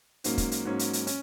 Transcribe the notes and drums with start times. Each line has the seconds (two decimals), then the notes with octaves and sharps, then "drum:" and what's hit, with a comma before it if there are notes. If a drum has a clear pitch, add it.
0.24 G#2 F#3 A#3 C#4, drum: hi-hat
0.38 drum: kick, hi-hat
0.51 drum: hi-hat
0.65 G#2 F#3 A#3 C#4
0.79 drum: hi-hat
0.93 drum: hi-hat
1.07 C#4, drum: hi-hat